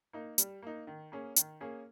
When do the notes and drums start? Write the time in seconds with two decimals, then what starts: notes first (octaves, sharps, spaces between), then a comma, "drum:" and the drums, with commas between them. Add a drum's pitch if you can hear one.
0.13 A#3 D#4
0.38 G3, drum: hi-hat
0.63 A#3 D#4
0.87 D#3
1.12 A#3 C#4 G#4
1.36 D#3, drum: hi-hat
1.61 A#3 C#4 G#4